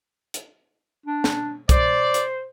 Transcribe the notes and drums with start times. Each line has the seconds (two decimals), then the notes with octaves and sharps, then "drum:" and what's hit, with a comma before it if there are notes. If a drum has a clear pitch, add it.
0.34 drum: hi-hat
1.06 D4
1.24 drum: snare
1.69 C5 D5, drum: kick C2, hi-hat
2.14 drum: hi-hat